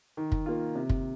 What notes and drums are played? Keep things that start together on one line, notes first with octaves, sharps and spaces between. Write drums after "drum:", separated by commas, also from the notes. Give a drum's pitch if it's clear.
D#3
drum: kick
A#3 F4
C3
drum: kick